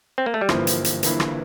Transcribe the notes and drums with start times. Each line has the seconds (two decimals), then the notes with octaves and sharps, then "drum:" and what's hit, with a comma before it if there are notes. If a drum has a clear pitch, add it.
0.18 C4
0.26 A#3
0.34 A3
0.41 G3
0.49 G1 G2 E3 F3 A#3 E4, drum: rim click
0.67 drum: hi-hat
0.84 drum: hi-hat
1.03 G1 G2 E3 A#3 E4, drum: hi-hat
1.20 drum: rim click